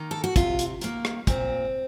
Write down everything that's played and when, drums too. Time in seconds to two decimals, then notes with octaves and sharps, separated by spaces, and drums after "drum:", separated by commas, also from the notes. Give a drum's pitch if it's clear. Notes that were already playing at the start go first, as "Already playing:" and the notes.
Already playing: D#3 A#3
0.11 A4
0.24 F#4
0.36 C3 F4, drum: kick, hi-hat
0.59 drum: hi-hat
0.81 D#3 A#3, drum: hi-hat
1.05 drum: rim click
1.27 A#2 C4, drum: kick, hi-hat